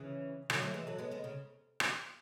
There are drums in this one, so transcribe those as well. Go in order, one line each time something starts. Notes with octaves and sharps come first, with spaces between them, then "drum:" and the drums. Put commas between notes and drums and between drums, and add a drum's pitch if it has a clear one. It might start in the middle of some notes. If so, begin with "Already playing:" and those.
Already playing: C#3 E3
D3 F#3, drum: rim click
F#3 A3
E3 G#3
F#3 A3
G#3 B3
G#3 B3
C#3
drum: rim click